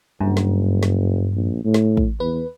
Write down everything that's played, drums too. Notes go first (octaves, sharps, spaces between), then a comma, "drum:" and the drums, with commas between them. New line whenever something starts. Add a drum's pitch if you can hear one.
F#1 G2
drum: snare
drum: snare
A#1
A2
drum: snare
drum: kick
E2 B4